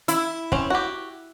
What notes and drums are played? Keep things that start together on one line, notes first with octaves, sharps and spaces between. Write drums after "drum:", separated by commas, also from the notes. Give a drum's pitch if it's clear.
E4, drum: hi-hat
C4 C#4, drum: kick
F#4 G4